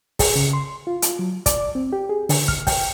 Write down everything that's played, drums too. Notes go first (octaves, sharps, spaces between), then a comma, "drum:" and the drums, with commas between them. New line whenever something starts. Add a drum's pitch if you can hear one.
G#4, drum: kick, open hi-hat
C#3
C6
F4
drum: hi-hat
F#3
D5, drum: kick, hi-hat
C4
G4
G#4
D3, drum: open hi-hat
F6, drum: kick
G5, drum: kick, open hi-hat